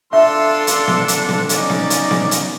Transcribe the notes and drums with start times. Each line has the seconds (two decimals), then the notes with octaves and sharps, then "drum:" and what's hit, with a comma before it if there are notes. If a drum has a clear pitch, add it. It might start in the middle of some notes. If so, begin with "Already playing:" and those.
0.13 D4 F4 A4 E5 C6 E6
0.67 drum: hi-hat
0.88 drum: snare B3
1.08 drum: hi-hat
1.29 drum: snare B3
1.49 C#4 D#4 D5, drum: hi-hat
1.70 drum: snare B3
1.90 drum: hi-hat
2.11 drum: snare B3
2.31 drum: hi-hat